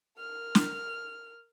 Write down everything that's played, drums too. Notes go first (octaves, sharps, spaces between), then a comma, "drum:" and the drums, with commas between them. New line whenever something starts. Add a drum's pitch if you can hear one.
A#4 F6
drum: snare